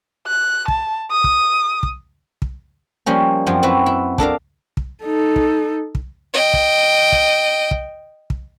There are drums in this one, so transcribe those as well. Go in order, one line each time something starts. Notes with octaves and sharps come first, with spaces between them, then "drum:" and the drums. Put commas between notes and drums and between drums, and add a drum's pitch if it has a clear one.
F#6
A5, drum: kick
D#6
drum: kick
drum: kick
drum: kick
F3 G3 A#3 C#4
F#2 F3 C4
C4 E4 F#4 B4
E4
D4 A4 A#4 F5, drum: kick
drum: kick
D#4 A4
drum: kick
drum: kick
D#5 G5
drum: kick
drum: kick
drum: kick
drum: kick